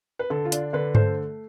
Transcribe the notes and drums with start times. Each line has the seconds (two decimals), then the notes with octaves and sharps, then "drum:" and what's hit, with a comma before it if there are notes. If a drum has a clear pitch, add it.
0.19 B4
0.30 D3 A4
0.45 F4
0.52 D4, drum: hi-hat
0.73 D3 B4
0.95 A3 C5, drum: tom G2